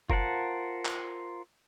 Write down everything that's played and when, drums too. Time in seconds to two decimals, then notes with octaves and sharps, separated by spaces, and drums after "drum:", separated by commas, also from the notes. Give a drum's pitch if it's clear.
0.10 F4 A#4 C5 F#5 A5, drum: kick F#1
0.85 drum: clap